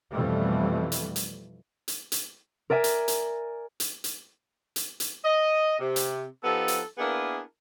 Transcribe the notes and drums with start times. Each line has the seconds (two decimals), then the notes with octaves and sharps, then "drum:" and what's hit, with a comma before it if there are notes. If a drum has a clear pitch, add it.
0.12 F2 B2 E3 G3 A3
0.92 drum: hi-hat
1.16 drum: hi-hat
1.88 drum: hi-hat
2.12 drum: hi-hat
2.70 A#4 D5 E5 G#5
2.84 drum: hi-hat
3.08 drum: hi-hat
3.80 drum: hi-hat
4.04 drum: hi-hat
4.76 drum: hi-hat
5.00 drum: hi-hat
5.24 D#5
5.79 C3
5.96 drum: hi-hat
6.43 F3 B3 D#4 G4 A4
6.68 drum: hi-hat
6.98 A#3 B3 D4 E4 G#4 A#4